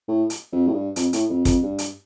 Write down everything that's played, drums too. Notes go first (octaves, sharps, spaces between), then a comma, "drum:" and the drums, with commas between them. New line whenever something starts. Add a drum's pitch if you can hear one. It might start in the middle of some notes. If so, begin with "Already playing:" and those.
A2
drum: hi-hat
F2
A2
G2
F2, drum: hi-hat
A2, drum: hi-hat
F2
F2, drum: kick, hi-hat
G2
drum: hi-hat